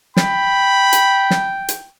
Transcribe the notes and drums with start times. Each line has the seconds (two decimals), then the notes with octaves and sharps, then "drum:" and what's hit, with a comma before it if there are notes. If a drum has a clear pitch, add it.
0.17 G5 B5, drum: snare
0.93 drum: hi-hat
1.31 drum: snare
1.68 drum: hi-hat